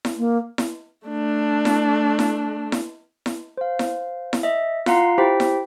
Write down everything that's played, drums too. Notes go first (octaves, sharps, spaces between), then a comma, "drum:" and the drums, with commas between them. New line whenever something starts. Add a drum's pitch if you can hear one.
drum: snare E4
A#3
drum: snare E4
A3 D4
drum: snare E4
drum: snare E4
drum: snare E4
drum: snare E4
C5 F5
drum: snare E4
drum: snare E4
D#5 E5
F4 F5 F#5 A#5 C6 C7, drum: snare E4
E4 G4 C5 G5 B6
drum: snare E4